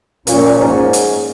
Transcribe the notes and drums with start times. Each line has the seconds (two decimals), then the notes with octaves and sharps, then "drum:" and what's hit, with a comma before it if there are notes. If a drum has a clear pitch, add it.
0.27 A#2 F3 A#3 C#4, drum: hi-hat
0.43 A#2
0.60 G#2
0.93 drum: hi-hat